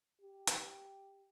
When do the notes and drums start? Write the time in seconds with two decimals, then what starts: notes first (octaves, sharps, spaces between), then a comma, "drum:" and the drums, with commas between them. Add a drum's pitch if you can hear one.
0.21 G4
0.47 drum: hi-hat